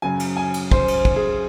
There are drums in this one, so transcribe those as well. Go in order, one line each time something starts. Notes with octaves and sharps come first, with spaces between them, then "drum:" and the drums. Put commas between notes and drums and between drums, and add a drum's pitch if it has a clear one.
F#2 C#3 F#3 G#5
drum: cymbal
G#5
drum: cymbal
C5, drum: kick
drum: cymbal
drum: kick
G#4